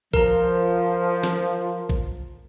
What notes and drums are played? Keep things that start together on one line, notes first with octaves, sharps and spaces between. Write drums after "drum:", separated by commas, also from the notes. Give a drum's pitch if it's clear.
F3 A#4 A#5, drum: kick A#1
drum: snare
drum: kick A#1